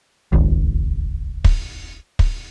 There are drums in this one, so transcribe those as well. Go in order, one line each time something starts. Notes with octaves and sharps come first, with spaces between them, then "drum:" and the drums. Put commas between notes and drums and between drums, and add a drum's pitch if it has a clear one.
D#1 G#1 C#2
drum: kick
drum: kick